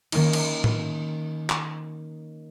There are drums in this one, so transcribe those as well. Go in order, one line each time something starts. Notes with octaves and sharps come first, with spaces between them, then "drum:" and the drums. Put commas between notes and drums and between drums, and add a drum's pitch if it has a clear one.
D#3 A#3 C#4 D#4, drum: cymbal
drum: cymbal
drum: tom A2
drum: clap